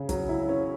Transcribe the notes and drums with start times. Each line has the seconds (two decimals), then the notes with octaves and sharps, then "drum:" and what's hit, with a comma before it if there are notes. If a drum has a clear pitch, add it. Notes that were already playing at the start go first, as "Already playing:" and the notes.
Already playing: C#3 C#4
0.09 F#3, drum: kick, hi-hat
0.29 E4
0.49 C#4